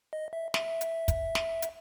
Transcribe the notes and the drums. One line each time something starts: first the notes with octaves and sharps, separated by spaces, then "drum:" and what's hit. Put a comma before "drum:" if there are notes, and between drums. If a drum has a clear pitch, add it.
D#5
E5
E5, drum: snare
drum: hi-hat
drum: kick, hi-hat
drum: snare
drum: hi-hat